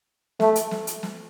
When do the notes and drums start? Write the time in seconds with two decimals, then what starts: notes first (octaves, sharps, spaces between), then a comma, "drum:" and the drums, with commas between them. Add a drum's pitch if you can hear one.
0.40 A3, drum: snare
0.56 drum: hi-hat
0.71 drum: snare
0.87 drum: hi-hat
1.03 drum: snare